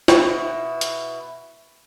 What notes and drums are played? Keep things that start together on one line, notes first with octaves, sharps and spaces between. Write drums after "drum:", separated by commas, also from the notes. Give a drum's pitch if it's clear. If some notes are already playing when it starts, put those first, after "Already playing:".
B2 E4, drum: snare
drum: hi-hat